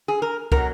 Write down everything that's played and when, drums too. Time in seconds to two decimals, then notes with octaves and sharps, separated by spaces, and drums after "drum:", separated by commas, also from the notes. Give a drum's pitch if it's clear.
0.08 G#4
0.22 A#4
0.52 B2 A#4, drum: kick
0.57 F#3